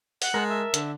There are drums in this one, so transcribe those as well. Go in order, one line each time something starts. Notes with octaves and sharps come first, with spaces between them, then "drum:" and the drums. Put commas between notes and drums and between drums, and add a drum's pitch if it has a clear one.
F#5, drum: open hi-hat
G#3 A#4 A5
E5
D3, drum: hi-hat